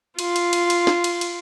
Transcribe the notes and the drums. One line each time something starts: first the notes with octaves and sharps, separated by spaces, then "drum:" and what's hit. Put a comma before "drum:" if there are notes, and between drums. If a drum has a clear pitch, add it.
F4, drum: cymbal
drum: cymbal
drum: cymbal
drum: cymbal
drum: snare
drum: cymbal
drum: cymbal